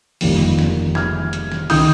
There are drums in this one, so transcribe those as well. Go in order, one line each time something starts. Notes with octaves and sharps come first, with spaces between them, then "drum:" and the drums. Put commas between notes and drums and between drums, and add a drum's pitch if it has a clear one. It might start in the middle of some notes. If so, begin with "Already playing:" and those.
F1 F2 D#3 G3 A#3, drum: open hi-hat
drum: snare
F6 G#6, drum: snare
drum: hi-hat
drum: snare
D#3 D#6 G6, drum: open hi-hat